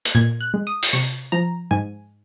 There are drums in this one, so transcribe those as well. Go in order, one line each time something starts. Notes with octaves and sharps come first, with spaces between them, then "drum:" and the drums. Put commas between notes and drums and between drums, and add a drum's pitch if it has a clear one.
drum: hi-hat
A#2 G#6
F#6
G#3
D#6
drum: open hi-hat
C3 C#6
F3 A#5
G#2 G#5